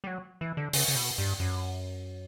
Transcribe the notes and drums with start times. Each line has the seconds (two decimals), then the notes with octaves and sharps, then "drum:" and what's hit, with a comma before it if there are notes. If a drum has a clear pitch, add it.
0.04 G3
0.07 F#3
0.41 E3
0.57 D3
0.73 C#3, drum: open hi-hat
0.88 C#3
0.95 B2
1.18 G2
1.40 F#2